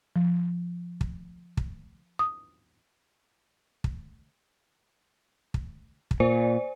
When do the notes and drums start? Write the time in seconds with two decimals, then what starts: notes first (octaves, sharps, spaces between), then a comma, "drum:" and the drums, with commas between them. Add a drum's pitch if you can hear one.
0.16 F3
1.01 drum: kick
1.57 drum: kick
2.19 D#6
3.84 drum: kick
5.54 drum: kick
6.11 drum: kick
6.20 A#2 C5 D5 G#5